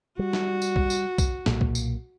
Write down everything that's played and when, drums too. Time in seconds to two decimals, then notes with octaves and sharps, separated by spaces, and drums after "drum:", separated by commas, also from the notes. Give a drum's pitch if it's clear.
0.19 G3 F#4
0.33 drum: snare
0.62 drum: tambourine
0.76 drum: kick B1
0.90 drum: tambourine
1.18 drum: kick B1, tambourine
1.46 B1 A#2 A#3, drum: snare
1.61 drum: kick B1
1.75 drum: tambourine